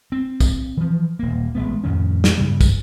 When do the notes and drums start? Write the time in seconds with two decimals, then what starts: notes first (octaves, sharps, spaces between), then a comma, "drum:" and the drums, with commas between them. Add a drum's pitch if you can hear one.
0.12 C4
0.40 drum: kick, tambourine
0.77 E3 F3
1.19 D#1 A#3
1.55 A1 G#3 A3 B3
1.84 F2 A2 D#3 C#4
2.24 drum: snare
2.38 G2 C#3 G3
2.61 drum: kick, tambourine